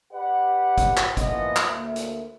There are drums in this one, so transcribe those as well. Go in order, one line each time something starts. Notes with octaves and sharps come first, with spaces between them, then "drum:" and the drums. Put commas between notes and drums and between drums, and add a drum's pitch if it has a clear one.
G4 B4 D5 F#5
drum: kick, hi-hat
drum: clap
E3 F3 A#3 B3 D#5 F#5, drum: kick, hi-hat
drum: clap
D2 A#3 E5
drum: hi-hat